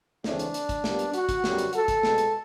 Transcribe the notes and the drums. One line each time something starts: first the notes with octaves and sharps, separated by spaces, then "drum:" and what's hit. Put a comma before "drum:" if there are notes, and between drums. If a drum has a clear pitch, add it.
C#2 C#3 E3 A3 C4 D4, drum: snare
drum: hi-hat
drum: hi-hat
drum: kick, hi-hat
A#2 G3 B3, drum: snare
drum: hi-hat
F#4, drum: hi-hat
drum: kick, hi-hat
F#2 D3 G3 B3, drum: snare
drum: hi-hat
A4, drum: hi-hat
drum: kick, hi-hat
C2 B2 G#3 B3, drum: snare
drum: hi-hat